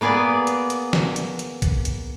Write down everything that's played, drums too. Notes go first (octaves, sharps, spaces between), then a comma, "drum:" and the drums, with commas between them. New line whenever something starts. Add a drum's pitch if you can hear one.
A#3 B3 G#4 B4 D5
drum: hi-hat
drum: hi-hat
drum: snare
drum: hi-hat
drum: hi-hat
drum: kick A#1, hi-hat
drum: hi-hat